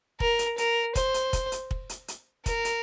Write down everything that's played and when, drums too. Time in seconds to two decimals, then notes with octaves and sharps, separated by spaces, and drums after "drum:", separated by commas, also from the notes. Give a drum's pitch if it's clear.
0.20 A#4, drum: kick
0.39 drum: hi-hat
0.58 A#4, drum: hi-hat
0.95 C5, drum: kick, hi-hat
1.14 drum: hi-hat
1.33 drum: kick, hi-hat
1.52 drum: hi-hat
1.71 drum: kick
1.89 drum: hi-hat
2.08 drum: hi-hat
2.46 A#4, drum: kick, hi-hat
2.65 drum: hi-hat